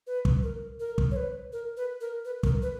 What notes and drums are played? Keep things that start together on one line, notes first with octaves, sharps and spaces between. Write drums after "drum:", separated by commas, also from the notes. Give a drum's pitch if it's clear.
B4
drum: kick
A#4
A#4
drum: kick
C#5
B4
A#4
B4
A#4
B4
A#4, drum: kick
B4